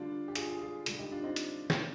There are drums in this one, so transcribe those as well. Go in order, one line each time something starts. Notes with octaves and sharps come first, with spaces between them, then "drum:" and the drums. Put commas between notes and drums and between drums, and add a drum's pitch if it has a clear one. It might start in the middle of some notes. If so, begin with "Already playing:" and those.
Already playing: D3 G3 D4 F4
G4
F4 G#4, drum: hi-hat
F4 G#4
F4 G#4
D3 G3, drum: hi-hat
D#4 G4
D4 F4
C4 D#4
drum: hi-hat
drum: snare